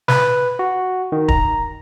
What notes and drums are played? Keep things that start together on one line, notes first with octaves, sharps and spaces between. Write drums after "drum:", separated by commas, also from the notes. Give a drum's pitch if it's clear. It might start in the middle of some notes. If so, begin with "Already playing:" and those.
B4, drum: snare
F#4
D#3
A#5, drum: kick